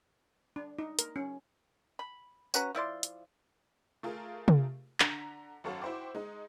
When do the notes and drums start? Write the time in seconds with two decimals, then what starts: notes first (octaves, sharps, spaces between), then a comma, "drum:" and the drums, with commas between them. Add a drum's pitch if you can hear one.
0.56 D4
0.79 D#4
0.99 A#4, drum: hi-hat
1.16 C#4
1.99 B5
2.54 C#4 F#4 B4 A#5, drum: tambourine
2.75 F3 E4 D5 C6
3.03 drum: hi-hat
4.03 A3 F4 G#4 A#4
4.48 drum: tom
5.00 D3 A#5 B6, drum: clap
5.64 G#1 F#2 F#4 A4 C#5 F5
5.82 E4 F#4 C5 G5 D6
6.15 G#3 D#4